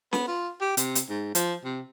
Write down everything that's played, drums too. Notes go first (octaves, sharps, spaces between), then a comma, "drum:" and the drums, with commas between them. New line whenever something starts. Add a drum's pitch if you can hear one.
B3, drum: snare C#4
F4
G4
C3, drum: hi-hat
drum: hi-hat
G#2
F3, drum: hi-hat
C3